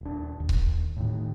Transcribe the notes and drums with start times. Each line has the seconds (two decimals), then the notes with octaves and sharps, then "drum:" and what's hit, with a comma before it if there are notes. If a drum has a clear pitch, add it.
0.01 D#1 D4
0.40 D#2
0.49 drum: kick C#1
0.96 A2 D#3